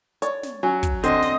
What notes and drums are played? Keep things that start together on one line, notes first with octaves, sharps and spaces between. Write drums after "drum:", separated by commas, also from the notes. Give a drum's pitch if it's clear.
C#5 D5, drum: hi-hat
drum: snare
F#3 C#4
drum: kick, hi-hat
D3 C4 D#5, drum: hi-hat
drum: snare